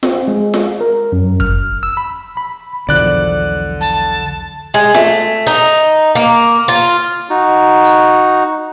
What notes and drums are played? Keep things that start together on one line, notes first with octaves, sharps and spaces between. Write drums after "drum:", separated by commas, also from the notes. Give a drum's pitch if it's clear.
C4, drum: snare F4
G#3
drum: snare F4
A#4
F#2
F6, drum: kick
E6
B5
B5
B1 E2 D3 F3 D5 F#6
A5, drum: hi-hat
G#3
A3, drum: snare F4
D#4, drum: open hi-hat
A#3, drum: hi-hat
F4
D#4 F#4
drum: hi-hat